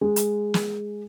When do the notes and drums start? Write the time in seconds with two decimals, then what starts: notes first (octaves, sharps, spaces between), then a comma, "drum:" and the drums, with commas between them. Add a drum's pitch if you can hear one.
0.01 G#3
0.16 drum: hi-hat
0.54 drum: snare